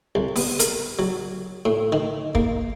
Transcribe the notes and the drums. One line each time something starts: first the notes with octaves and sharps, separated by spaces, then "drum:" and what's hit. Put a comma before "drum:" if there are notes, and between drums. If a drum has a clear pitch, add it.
C2
B3, drum: open hi-hat
A#4, drum: hi-hat
F#3
A2
D#3
A#3, drum: kick